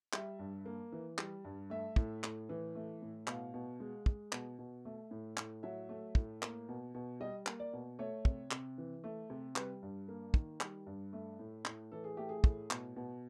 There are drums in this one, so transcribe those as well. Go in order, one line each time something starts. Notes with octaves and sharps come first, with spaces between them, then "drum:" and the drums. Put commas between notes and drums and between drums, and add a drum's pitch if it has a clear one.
G3 E5, drum: clap
G2
A#3
E3
G3, drum: clap
G2
A3 E5
A2, drum: kick
A2, drum: clap
E3
A3
A2
B2 F5, drum: clap
B2
G#3
G#3, drum: kick
B2, drum: clap
B2
A3
A2
A2, drum: clap
F#3 E5
A3
A2, drum: kick
A#3, drum: clap
B2
B2
G3 D#5
A#3, drum: clap
D5
B2
A3 C#5
C3, drum: kick
C3, drum: clap
E3
A3
C3
G3 B4, drum: clap
G2
A#3
D#3, drum: kick
G3, drum: clap
G2
A3
A2
A2, drum: clap
E3 A4
G#4
A3 G4
G#4
A2, drum: kick
B2, drum: clap
B2